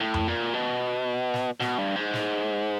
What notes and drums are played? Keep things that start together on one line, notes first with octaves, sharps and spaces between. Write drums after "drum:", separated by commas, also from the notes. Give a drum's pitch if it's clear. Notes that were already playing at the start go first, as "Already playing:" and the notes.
A2
drum: tom F2
A#2
B2
drum: snare
B2, drum: snare
G2
G#2
drum: snare